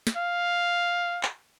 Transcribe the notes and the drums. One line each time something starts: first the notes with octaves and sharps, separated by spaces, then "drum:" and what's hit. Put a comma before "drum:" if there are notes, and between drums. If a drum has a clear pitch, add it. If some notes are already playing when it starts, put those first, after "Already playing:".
drum: snare
F5
drum: clap